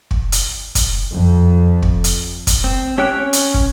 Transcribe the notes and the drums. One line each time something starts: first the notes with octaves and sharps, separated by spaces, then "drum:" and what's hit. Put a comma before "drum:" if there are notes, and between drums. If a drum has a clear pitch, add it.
drum: kick
drum: hi-hat
drum: kick, hi-hat
F2
drum: kick
drum: hi-hat
drum: kick, hi-hat
C4
C#4 G4 C#5 G5 F#6
C#4
drum: hi-hat
drum: kick